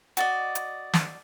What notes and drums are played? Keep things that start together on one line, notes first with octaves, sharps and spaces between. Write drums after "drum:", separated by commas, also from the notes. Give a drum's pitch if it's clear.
F#4 D5 D#5, drum: hi-hat
drum: hi-hat
drum: snare